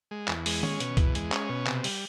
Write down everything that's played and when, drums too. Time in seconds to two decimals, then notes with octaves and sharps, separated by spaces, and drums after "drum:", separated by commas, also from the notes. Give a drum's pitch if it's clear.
0.11 G#3
0.28 E2, drum: clap
0.46 G#3, drum: open hi-hat
0.63 C#4, drum: tom D#3
0.80 B2, drum: hi-hat
0.97 E2, drum: kick C2, hi-hat
1.15 G#3, drum: hi-hat
1.32 C#4, drum: clap
1.49 B2
1.67 C3, drum: clap
1.84 G3, drum: open hi-hat